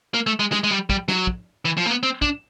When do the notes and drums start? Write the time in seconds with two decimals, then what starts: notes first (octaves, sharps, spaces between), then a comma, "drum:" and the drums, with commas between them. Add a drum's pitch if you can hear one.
0.14 A#3
0.27 A3
0.39 G#3
0.52 G#3, drum: snare
0.64 G#3
0.71 G3
0.90 G3, drum: kick
1.08 F#3, drum: snare
1.27 drum: kick
1.65 E3
1.77 F3
1.86 A#3
1.90 B3
2.03 C4
2.22 D4, drum: kick